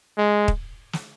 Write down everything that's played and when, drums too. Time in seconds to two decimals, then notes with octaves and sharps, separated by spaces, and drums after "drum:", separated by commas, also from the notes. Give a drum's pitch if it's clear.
0.18 G#3
0.48 drum: kick
0.93 drum: snare